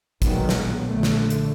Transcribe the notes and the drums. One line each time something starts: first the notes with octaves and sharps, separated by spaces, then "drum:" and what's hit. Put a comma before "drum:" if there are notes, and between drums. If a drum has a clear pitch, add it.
B1 A#2 D#3 F#3 G#3 B3, drum: kick, hi-hat
drum: snare
A#1 D3 A3
drum: snare
drum: hi-hat